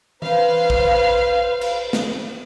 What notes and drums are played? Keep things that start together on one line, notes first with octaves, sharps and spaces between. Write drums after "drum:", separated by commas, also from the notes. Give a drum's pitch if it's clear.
B4 C5 F5, drum: tom E3
drum: kick
drum: cymbal
drum: snare